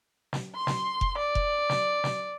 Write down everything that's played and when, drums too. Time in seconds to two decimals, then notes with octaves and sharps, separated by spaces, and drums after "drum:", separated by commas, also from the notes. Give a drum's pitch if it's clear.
0.33 drum: snare
0.56 C6
0.67 drum: snare
1.01 drum: kick F1
1.18 D5
1.35 drum: kick F1
1.70 drum: snare
2.04 drum: snare